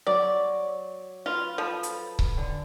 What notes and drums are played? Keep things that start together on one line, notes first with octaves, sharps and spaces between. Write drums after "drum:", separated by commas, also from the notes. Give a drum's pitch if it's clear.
F#3 D5
F4 B4
F3 A4 B5
drum: hi-hat
drum: kick C#1
D3